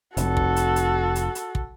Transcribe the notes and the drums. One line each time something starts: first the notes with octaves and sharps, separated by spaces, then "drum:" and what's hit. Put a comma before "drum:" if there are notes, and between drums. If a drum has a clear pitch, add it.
F1 F#4 A4, drum: hi-hat
drum: kick
drum: hi-hat
drum: hi-hat
drum: hi-hat
drum: hi-hat
drum: kick